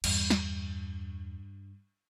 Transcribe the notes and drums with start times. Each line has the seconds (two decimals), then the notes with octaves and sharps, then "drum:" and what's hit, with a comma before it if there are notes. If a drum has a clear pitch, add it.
0.04 E2 G2, drum: cymbal
0.30 drum: snare